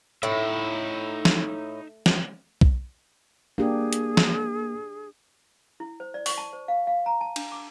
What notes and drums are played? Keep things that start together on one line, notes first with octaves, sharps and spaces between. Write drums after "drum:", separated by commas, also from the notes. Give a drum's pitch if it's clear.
A2 D#4 E5
drum: snare
drum: snare
drum: kick B1
A#3 D4 G4 G#4
drum: hi-hat
drum: snare
E4
C5
D5
C#6, drum: open hi-hat
A5
C5
F5
F5
A#5
A5
D4, drum: cymbal
D6